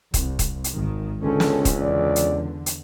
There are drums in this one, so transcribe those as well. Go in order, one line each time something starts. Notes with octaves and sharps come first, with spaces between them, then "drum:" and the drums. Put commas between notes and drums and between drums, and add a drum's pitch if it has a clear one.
C2, drum: kick, hi-hat
drum: kick, hi-hat
drum: hi-hat
G#1 D#3
C#2 D3 C4 C#4 A4
drum: snare
drum: kick, hi-hat
E2 D3 D5
drum: hi-hat
drum: hi-hat